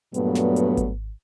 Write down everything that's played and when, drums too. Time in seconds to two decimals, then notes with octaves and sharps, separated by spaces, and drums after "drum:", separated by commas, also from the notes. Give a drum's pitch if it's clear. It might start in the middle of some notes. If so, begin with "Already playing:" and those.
0.14 G2 A#2 F#3 A3 B3, drum: hi-hat
0.35 drum: snare
0.56 drum: hi-hat
0.77 drum: kick G#1, hi-hat